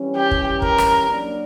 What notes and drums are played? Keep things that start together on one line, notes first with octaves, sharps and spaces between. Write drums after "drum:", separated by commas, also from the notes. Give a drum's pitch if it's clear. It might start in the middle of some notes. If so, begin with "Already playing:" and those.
Already playing: E3 G3 C#4
G4
drum: kick
A#4, drum: kick
drum: rim click
F#3 A#3 D4 A#4 D5